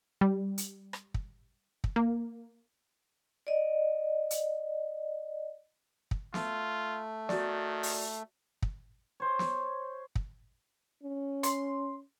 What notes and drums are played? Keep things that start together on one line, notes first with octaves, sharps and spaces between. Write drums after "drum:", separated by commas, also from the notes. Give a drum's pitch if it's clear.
G3
drum: hi-hat
drum: rim click
drum: kick
drum: kick
A#3
D5 D#5
drum: hi-hat
drum: kick
A3 F4, drum: snare
D#3 F#4 D5, drum: snare
drum: open hi-hat
drum: kick
C5 C#5
drum: snare
drum: kick
C#4
C6, drum: hi-hat